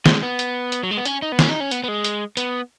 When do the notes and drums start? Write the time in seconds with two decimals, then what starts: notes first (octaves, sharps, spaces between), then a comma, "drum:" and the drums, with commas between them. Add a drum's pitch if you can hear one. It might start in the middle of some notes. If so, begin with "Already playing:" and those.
0.06 G#3, drum: snare
0.22 B3
0.39 drum: hi-hat
0.72 drum: hi-hat
0.83 F#3
0.91 G#3
0.97 B3
1.05 C#4, drum: hi-hat
1.22 D#4
1.32 B3
1.39 C#4, drum: snare
1.49 D#4
1.60 C#4
1.71 B3, drum: hi-hat
1.84 B3
1.88 G#3
2.04 drum: hi-hat
2.37 B3, drum: hi-hat